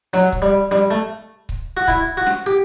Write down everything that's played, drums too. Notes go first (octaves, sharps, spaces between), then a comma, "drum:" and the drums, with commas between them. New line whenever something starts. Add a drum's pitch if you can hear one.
F#3, drum: snare
drum: kick C#1
G3
G3, drum: snare
A3
drum: kick C#1
F#4
E4, drum: kick C#1
F#4
drum: snare
G4